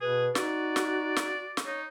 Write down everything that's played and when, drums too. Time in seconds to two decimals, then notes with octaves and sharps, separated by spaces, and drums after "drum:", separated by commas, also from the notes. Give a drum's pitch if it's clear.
0.01 B2 G#4 B4
0.35 D#4 F#4 D5, drum: snare
0.76 drum: snare
1.16 drum: snare
1.57 drum: snare
1.66 D#4 C#5